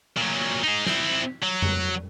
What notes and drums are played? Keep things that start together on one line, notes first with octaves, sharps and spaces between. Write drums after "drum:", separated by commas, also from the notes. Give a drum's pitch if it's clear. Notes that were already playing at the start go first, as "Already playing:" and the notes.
A#2 F#3
D#4 G#4
C4 E4, drum: snare
F#3
drum: tom F2